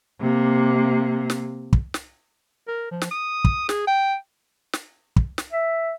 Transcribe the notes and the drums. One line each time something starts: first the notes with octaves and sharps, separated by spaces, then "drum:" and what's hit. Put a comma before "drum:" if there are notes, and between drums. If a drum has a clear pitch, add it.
C3 A#3
drum: snare
drum: kick
drum: snare
A#4
F3
drum: snare
D#6
drum: kick
G#4, drum: snare
G5
drum: snare
drum: kick
drum: snare
E5